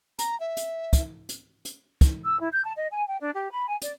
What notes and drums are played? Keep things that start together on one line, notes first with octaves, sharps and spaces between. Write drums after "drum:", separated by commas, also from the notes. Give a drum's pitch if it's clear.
A#5, drum: hi-hat
E5
drum: hi-hat
drum: kick, hi-hat
drum: hi-hat
drum: hi-hat
drum: kick, hi-hat
E6
E4
G6
A5
D#5
G#5
G5
D4
G4
B5
G#5
D5, drum: hi-hat